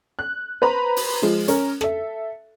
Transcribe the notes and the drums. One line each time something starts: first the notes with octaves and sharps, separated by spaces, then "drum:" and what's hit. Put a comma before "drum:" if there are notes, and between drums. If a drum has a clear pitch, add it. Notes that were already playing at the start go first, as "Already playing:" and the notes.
F#6
B4 C5 A#5 B5
drum: open hi-hat
F3 G#3 F4
C#4 A#4, drum: hi-hat
A4 E5, drum: rim click